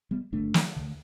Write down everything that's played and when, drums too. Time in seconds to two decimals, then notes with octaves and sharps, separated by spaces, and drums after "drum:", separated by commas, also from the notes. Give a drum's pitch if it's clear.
0.11 G3 B3
0.32 G1 G2 D3 A3 D4
0.54 drum: snare
0.76 D2 D3